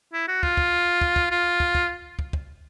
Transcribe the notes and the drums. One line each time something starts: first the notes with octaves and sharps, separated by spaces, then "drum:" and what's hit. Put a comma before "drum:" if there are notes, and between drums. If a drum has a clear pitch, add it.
E4
F#4
F4, drum: kick
drum: kick
drum: kick
drum: kick
F4
drum: kick
drum: kick
drum: kick
drum: kick